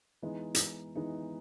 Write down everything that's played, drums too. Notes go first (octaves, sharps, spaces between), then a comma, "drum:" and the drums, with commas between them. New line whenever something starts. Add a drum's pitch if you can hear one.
E3 G#3 B3 D#4
drum: hi-hat
E3 G#3 B3 D#4